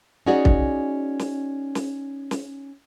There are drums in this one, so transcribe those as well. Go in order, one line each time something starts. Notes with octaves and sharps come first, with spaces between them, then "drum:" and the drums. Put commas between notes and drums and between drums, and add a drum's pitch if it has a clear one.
C#4 D#4 F#4 G#4 D5
drum: kick
drum: snare
drum: snare
drum: snare